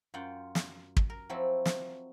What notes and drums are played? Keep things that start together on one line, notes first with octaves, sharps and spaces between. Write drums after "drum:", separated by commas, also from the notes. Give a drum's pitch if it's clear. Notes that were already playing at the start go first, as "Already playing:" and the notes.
F#2 F4 F#5 G5
drum: snare
drum: kick
A#4
F3 F#3 C4 E4
drum: snare